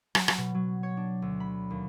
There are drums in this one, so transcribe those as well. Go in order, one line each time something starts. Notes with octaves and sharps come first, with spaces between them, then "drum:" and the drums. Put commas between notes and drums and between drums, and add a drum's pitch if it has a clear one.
F#3, drum: rim click
drum: rim click
B2
F#3
C#5
D4
D2
B5
D#2